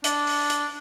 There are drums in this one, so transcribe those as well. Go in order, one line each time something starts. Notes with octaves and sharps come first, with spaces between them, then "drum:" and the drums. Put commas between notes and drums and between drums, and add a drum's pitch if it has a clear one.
D4, drum: hi-hat
drum: open hi-hat
drum: hi-hat